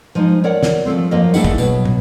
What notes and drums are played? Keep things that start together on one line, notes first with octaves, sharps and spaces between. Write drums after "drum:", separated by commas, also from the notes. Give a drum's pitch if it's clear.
F3 G#3 D#4
A#4 C#5 D5 F#5
drum: snare
F3 F#3 A3 C4
F#2 F3 A#3 D#5
A3 C4 D4 E4 G#4 F#5, drum: tambourine
drum: kick
B2 F#3, drum: tambourine
drum: tom